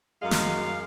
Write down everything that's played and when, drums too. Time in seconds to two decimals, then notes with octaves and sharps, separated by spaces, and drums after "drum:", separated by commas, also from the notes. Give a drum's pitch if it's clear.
0.22 F#2 G#3 F5
0.31 drum: snare